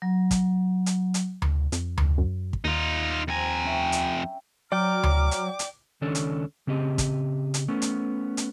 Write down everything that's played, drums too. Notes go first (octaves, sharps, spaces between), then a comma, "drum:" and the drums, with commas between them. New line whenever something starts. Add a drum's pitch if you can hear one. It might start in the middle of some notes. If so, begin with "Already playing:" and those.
F#3
drum: kick, hi-hat
drum: hi-hat
drum: hi-hat
drum: tom D2
F2, drum: hi-hat
drum: tom D2
F#2
drum: kick
D#2 D#4 F4
F2 C4 G#5 A#5 A#6
C#4 E5 G5
drum: hi-hat
F#3 D5 G5 A#5 D6 F6
drum: tom D2
drum: hi-hat
drum: hi-hat
C#2 D#3 C#4 D4 A4 C#5
drum: hi-hat
C#3 C4 G4 D#5
drum: kick, hi-hat
drum: hi-hat
A3 B3 C#4
drum: hi-hat
drum: hi-hat